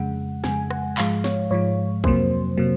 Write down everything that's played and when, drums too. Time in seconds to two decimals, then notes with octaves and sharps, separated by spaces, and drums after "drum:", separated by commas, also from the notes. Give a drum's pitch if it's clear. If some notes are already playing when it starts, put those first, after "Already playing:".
Already playing: F2 C#3 G#3 F#5
0.44 F2 C#3 G#3 G#5, drum: snare
0.70 F#5, drum: rim click
0.98 G#2 F3 G#3 F5, drum: clap
1.24 C#5, drum: snare
1.51 G#2 F3 G#3 C#5
2.04 F2 C3 F#3 A#3 C5, drum: kick
2.57 C3 F#3 A#3